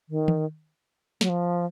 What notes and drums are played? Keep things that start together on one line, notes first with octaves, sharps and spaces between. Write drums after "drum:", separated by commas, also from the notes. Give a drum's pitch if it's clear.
D#3
drum: tom D#3
F#3, drum: snare
F3